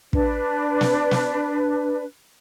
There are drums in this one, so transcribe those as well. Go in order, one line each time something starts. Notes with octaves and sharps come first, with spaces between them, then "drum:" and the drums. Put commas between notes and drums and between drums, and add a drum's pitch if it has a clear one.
D4 B4, drum: kick
drum: snare
drum: snare